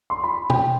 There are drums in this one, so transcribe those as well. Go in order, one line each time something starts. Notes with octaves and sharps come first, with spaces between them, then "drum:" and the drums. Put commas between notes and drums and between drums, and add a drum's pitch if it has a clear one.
C6
B5
G5, drum: tom